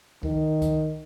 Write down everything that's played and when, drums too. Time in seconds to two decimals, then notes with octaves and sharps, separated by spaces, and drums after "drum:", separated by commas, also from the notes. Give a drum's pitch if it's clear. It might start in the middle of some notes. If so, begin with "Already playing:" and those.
0.23 D#3, drum: kick C2
0.62 drum: kick C2, hi-hat